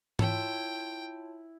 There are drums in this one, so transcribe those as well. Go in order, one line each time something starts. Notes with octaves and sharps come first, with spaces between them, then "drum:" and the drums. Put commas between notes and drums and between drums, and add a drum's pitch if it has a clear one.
E4 F4 C#5 G5 A5, drum: tom G#2